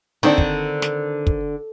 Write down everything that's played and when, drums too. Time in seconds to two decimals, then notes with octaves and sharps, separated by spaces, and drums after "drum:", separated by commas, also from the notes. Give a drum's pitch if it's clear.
0.23 D3 D#3 C4 D4
0.38 drum: kick
0.82 drum: snare
1.27 drum: kick